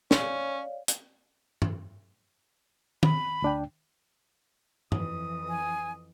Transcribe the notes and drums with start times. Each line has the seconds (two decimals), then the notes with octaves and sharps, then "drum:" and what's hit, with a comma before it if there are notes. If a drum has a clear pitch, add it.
0.11 C#4 C#5 D5 F5, drum: snare
0.88 drum: hi-hat
1.62 drum: tom G2
3.03 B5, drum: tom D#3
3.42 D2 D4 G5
4.92 F2 E3 D#6, drum: tom G2
5.48 G#5